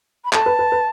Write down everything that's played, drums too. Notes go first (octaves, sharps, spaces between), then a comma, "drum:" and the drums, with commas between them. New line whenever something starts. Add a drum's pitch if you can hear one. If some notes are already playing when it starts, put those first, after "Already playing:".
B5
A4 A5, drum: clap
B4
B4
B4